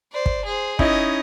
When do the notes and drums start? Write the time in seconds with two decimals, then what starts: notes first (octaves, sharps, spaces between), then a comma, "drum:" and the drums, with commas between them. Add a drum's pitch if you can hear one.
0.12 C5 D5
0.26 drum: kick
0.46 G#4 C5
0.79 C#4 D#4 E4 D#5, drum: kick